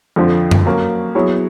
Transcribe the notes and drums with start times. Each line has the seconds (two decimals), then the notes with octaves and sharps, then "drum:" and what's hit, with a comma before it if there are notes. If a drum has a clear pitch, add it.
0.16 F2 D3 F3
0.51 drum: tom F#2
0.65 F#3 A#3 C#4
1.15 F#3 B3 E4 G#4 C#5